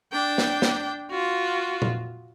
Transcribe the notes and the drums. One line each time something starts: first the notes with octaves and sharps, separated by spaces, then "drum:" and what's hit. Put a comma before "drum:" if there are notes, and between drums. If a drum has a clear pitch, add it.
D4 G5
drum: snare
drum: snare
F4 F#4
drum: tom A#2